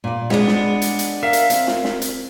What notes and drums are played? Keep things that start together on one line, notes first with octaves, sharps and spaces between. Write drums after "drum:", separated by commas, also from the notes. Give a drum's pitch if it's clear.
A#2 D5
G#3 B3 D4, drum: snare
drum: snare
drum: hi-hat
drum: hi-hat
A#4 E5 F5
drum: hi-hat
C4, drum: hi-hat
drum: snare
drum: snare
drum: hi-hat